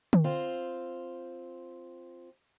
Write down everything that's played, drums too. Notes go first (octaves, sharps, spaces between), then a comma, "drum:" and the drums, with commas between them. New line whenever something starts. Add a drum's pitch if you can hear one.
drum: tom D3
C4 F4